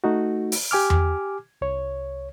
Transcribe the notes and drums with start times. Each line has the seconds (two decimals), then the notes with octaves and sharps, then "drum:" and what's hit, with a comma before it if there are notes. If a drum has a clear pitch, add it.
0.04 A3 D#4 F#4
0.52 drum: open hi-hat
0.71 G4 G#5 D6 F6
0.90 drum: tom E2
1.61 C2 C#5